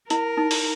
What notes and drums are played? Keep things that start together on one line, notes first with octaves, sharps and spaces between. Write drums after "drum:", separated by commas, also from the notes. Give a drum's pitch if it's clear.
E4 A#4, drum: hi-hat
D#4
drum: open hi-hat